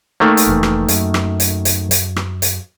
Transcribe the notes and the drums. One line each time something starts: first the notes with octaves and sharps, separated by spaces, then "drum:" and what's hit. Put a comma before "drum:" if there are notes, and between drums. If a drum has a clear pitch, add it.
D#3 A3 A#3
drum: hi-hat
F1 E3
drum: rim click
F#2, drum: hi-hat
drum: rim click
drum: hi-hat
drum: hi-hat
drum: hi-hat
drum: rim click
drum: hi-hat